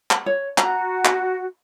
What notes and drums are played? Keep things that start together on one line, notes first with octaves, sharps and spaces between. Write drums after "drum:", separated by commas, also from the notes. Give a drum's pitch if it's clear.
drum: clap
C#5
F#4 A#5, drum: clap
drum: clap